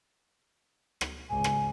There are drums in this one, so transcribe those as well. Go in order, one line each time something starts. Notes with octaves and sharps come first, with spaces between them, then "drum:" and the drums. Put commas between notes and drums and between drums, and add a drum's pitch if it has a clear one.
drum: rim click
G#1 C#2 G#5
drum: rim click